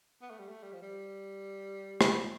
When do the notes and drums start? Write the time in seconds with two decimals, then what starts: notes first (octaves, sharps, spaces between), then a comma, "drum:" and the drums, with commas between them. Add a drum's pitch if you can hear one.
0.22 B3
0.30 A3
0.39 G3
0.49 A3
0.63 G3
0.73 F3
0.82 G3
2.01 drum: rim click